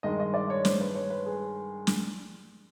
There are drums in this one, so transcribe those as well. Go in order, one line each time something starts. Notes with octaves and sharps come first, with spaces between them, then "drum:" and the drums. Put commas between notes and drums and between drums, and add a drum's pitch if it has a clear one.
G2 D#3 G#3 D#5
D#5
D5
C#5
C5, drum: snare
B4
C#5
B4
G#4
drum: snare